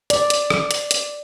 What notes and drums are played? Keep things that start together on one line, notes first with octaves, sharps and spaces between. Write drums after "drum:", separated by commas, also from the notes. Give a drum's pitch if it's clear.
D5, drum: hi-hat
drum: hi-hat
drum: rim click
drum: hi-hat
drum: hi-hat